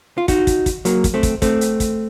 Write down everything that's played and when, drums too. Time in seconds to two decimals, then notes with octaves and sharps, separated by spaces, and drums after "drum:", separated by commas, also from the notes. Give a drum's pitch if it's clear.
0.18 F4
0.28 D#4 F#4, drum: kick, hi-hat
0.47 drum: kick, hi-hat
0.66 drum: kick, hi-hat
0.85 F#3 A#3, drum: hi-hat
1.04 drum: kick, hi-hat
1.14 A3 C4
1.23 drum: kick, hi-hat
1.42 A3 C4, drum: kick, hi-hat
1.61 drum: hi-hat
1.80 drum: kick, hi-hat